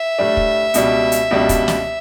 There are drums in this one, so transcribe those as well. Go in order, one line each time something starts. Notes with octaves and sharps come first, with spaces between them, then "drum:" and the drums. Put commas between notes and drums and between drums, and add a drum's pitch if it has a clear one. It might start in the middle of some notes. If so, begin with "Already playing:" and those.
Already playing: E5
A2 G3 D4
drum: kick
C#2 B2 G3 D4, drum: hi-hat
drum: hi-hat
C#2 B2 G3 D4
drum: kick, hi-hat
drum: snare